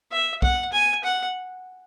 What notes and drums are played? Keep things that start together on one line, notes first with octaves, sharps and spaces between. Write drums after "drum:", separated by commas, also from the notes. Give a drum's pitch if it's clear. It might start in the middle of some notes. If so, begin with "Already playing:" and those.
E5
F#5, drum: kick B1
G#5
F#5